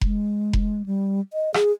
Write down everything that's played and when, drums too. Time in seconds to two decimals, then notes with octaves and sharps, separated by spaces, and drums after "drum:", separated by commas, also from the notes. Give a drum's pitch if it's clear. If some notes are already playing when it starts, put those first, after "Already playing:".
0.01 G#3, drum: kick F1
0.53 drum: kick F1
0.86 G3
1.33 D#5
1.54 G#4, drum: rim click